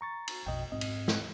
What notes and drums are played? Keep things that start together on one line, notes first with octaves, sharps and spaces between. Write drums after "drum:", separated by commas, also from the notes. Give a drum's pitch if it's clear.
A#5 C#6 A6
drum: cymbal
A#1 F2 B2 D#5 G5
G#2 C4 D#5
drum: cymbal
drum: snare